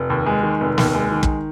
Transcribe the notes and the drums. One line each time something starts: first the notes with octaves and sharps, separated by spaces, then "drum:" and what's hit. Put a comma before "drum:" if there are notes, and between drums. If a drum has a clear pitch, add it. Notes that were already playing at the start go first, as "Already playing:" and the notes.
Already playing: F1
D#2
G#3
D#3
F1
D#2, drum: snare
G#3
D#3
drum: kick